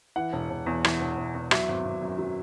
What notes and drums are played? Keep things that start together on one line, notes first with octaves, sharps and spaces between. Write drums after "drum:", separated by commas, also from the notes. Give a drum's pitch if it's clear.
E3 F#5
E1
E1
E2
E3, drum: rim click
E1
E1
E2
F#3 E5, drum: rim click
G#1
G#1
F#2
F#3